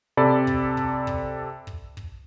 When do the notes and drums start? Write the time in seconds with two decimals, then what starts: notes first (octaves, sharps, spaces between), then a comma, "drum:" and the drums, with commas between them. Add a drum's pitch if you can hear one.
0.17 C3 A4 D5 B5
0.47 drum: kick
0.77 drum: kick
1.07 drum: kick
1.67 drum: kick
1.97 drum: kick